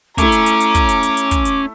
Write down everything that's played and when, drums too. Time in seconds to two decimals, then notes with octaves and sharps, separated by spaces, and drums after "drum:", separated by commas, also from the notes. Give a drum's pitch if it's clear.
0.18 A3 C#4 E4 A#5 D6, drum: kick, hi-hat
0.32 drum: hi-hat
0.46 drum: hi-hat
0.61 drum: hi-hat
0.75 drum: kick, hi-hat
0.89 drum: hi-hat
1.03 drum: hi-hat
1.17 drum: hi-hat
1.31 drum: kick, hi-hat
1.45 drum: hi-hat